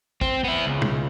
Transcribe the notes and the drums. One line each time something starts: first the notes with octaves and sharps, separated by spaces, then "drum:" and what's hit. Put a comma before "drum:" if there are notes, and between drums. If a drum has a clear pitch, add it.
C4, drum: kick
B3 E4
C#2
drum: tom B2